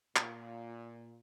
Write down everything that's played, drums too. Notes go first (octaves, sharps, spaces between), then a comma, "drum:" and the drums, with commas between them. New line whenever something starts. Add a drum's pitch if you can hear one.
A#2, drum: clap